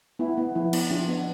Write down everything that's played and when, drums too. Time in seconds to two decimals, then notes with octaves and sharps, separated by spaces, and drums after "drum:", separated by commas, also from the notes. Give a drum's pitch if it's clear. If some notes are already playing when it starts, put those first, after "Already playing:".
0.19 B3 E4
0.37 B3
0.55 F3 E4
0.73 B3, drum: cymbal
0.91 F3 D4 F4
1.08 B3